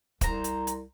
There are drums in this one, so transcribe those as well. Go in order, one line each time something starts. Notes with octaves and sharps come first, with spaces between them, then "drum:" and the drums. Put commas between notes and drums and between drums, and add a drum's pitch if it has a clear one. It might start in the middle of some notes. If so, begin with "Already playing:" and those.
C2 C5 A#5, drum: kick, hi-hat
drum: hi-hat
drum: hi-hat